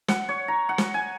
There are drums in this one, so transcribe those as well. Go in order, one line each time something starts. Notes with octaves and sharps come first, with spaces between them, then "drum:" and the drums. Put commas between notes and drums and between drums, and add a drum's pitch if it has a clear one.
F#5, drum: snare
C#5
A#5
F#5
drum: snare
G#5